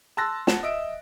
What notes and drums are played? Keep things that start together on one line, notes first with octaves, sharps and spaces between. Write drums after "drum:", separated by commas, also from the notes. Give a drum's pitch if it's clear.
A5 C6 E6 F#6 A6 A#6
F#5 A5 E7, drum: snare
D#5 E5 D7